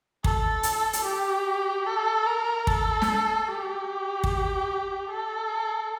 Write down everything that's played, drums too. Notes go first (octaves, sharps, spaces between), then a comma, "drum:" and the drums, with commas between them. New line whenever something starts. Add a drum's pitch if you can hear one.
A4, drum: kick
drum: hi-hat
drum: hi-hat
G4
A4
A#4
A4, drum: kick
drum: snare
G4
drum: kick
A4